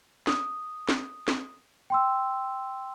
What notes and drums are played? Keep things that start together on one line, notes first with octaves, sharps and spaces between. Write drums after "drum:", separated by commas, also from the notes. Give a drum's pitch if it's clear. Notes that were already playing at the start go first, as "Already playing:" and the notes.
D#6, drum: snare
drum: snare
drum: snare
G5 C6 E6